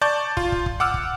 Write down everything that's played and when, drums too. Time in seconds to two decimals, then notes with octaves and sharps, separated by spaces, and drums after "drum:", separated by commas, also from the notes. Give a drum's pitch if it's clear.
0.01 D5 A5 C#6 G6
0.37 F4, drum: kick
0.52 drum: kick
0.66 drum: kick
0.80 F#5 D6 E6 F6
0.94 drum: kick